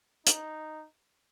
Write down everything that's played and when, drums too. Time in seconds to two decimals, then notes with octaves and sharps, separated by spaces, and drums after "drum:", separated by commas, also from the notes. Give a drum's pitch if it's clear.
0.27 D#4, drum: hi-hat